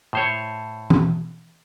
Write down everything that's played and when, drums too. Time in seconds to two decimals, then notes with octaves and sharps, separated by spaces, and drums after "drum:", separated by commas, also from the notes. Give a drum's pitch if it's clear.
0.13 A2 C5 C#5
0.90 drum: tom E3